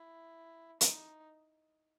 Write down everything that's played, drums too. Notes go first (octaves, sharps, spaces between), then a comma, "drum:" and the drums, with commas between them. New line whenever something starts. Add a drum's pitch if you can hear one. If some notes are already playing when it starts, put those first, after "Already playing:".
Already playing: E4
D#4, drum: hi-hat